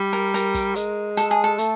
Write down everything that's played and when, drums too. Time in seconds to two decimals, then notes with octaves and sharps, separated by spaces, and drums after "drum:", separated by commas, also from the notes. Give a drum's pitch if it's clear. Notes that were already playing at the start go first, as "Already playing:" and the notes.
Already playing: G3
0.13 A#4
0.34 A#4, drum: hi-hat
0.54 drum: kick, hi-hat
0.76 G#3, drum: hi-hat
1.17 A4, drum: hi-hat
1.31 G#4
1.44 A4
1.58 A3, drum: hi-hat